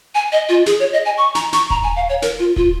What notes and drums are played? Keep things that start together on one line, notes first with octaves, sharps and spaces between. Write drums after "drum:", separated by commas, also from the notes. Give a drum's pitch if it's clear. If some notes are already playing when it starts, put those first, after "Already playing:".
G#5
D#5
F4
G#4, drum: snare
C#5
D#5
G#5
C#6
A#5, drum: snare
C#6, drum: snare
A#5, drum: kick D#1
G#5
F5
C#5
A#4, drum: snare
F4
F4, drum: kick D#1